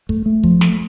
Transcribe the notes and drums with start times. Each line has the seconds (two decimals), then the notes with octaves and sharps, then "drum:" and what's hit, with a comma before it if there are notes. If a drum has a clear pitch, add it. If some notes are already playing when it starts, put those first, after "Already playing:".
0.09 A3, drum: kick
0.26 A3
0.44 F3, drum: kick
0.61 A3, drum: snare